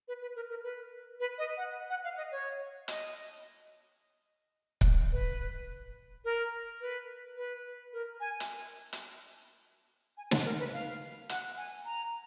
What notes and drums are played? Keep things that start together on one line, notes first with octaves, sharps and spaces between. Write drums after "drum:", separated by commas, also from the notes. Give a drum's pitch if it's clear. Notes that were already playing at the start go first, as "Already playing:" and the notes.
B4
B4
A#4
A#4
B4
B4
D#5
F#5
F#5
F5
D#5
C#5
D#5, drum: hi-hat
drum: kick C#1
B4
A#4
B4
B4
A#4
G#5
drum: hi-hat
drum: hi-hat
G#5
F#5, drum: snare
A#4
B4
F5
F#5, drum: hi-hat
G#5
A#5